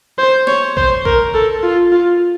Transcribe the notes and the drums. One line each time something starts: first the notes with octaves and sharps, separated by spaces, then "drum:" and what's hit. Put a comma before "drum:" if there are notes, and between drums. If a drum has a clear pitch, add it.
C5
C#5, drum: snare
C5, drum: kick
A#4, drum: kick
A4
F4
F4